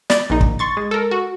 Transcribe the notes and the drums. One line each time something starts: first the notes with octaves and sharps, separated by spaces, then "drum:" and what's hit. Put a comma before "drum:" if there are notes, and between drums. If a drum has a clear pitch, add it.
D5, drum: snare
A#1 D#4
drum: kick
C6 C#6 A6
G#3
A4 A#4
F#4